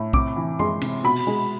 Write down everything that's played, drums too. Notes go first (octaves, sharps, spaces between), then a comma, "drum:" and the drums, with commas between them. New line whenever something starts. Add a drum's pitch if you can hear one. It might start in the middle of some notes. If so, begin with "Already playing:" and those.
Already playing: A2
C3 D6, drum: kick B1
E3
G#3 C6, drum: tom F#2
C3, drum: cymbal
B2 B5
drum: open hi-hat
G#3